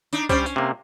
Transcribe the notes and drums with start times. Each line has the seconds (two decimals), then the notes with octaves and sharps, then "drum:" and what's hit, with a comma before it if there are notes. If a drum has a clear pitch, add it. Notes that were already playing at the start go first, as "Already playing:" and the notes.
0.13 D4 D#4, drum: tambourine
0.29 G3 C#4 C5 D5 G5, drum: kick C#2, tambourine
0.46 drum: tambourine
0.56 C3 A#3